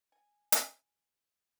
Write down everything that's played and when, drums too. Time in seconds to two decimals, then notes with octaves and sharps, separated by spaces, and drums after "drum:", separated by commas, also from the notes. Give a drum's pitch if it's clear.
0.12 G#5
0.52 drum: hi-hat